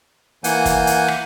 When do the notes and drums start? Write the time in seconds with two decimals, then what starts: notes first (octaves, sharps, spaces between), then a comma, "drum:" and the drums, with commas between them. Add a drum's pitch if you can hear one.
0.44 E3 A#3 F#5 G#5 G6, drum: hi-hat
0.65 drum: kick, hi-hat
0.87 drum: hi-hat
1.08 drum: rim click